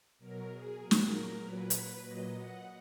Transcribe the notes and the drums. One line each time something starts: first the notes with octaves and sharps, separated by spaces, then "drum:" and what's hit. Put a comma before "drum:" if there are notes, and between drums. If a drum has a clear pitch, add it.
B2 F#3 A#4
G#4
A#2 F#3 A#4
drum: snare
A#4
A#2 F#3 B4
drum: hi-hat
A#2 F#3 D#5
F#5